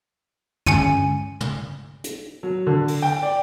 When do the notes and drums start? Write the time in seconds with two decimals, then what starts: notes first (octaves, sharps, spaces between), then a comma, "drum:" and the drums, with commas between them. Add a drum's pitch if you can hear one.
0.66 D3 G#3 C#4 G#5 C#7 D#7, drum: tom
1.41 drum: tom
2.04 drum: hi-hat
2.43 F#3
2.67 D3
2.88 drum: open hi-hat
3.02 G5
3.23 D5